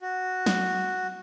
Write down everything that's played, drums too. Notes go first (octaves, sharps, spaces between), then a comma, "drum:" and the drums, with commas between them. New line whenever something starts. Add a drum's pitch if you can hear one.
F#4
drum: snare